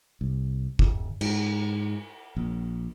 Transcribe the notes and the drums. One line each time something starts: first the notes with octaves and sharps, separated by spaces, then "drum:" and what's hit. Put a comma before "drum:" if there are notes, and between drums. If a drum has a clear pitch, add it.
C2
D1, drum: kick
G#2, drum: cymbal
A#1